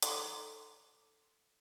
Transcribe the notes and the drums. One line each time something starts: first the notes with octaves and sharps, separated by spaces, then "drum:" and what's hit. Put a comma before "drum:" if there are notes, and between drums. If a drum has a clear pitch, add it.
D#4 A4 A#5 C6 D6, drum: hi-hat